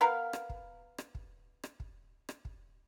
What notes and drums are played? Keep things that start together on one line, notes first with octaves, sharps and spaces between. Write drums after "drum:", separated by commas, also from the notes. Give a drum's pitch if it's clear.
B3 A#4 F5
drum: rim click
drum: kick
drum: rim click
drum: kick
drum: rim click
drum: kick
drum: rim click
drum: kick